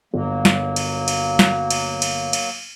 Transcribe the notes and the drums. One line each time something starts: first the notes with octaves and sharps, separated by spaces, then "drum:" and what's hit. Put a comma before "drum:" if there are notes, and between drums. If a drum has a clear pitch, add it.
G1 F#3 A#3
drum: snare
drum: cymbal
drum: cymbal
drum: snare
drum: cymbal
drum: cymbal
drum: cymbal